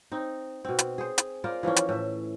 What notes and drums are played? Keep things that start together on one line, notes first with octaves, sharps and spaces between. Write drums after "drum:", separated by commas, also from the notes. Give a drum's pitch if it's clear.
C4 D#4
B2 C4
drum: hi-hat
G#4 C5
drum: hi-hat
F4 A#4 C5 D5
E3 F3 A#3 C#4
drum: hi-hat
A2 E5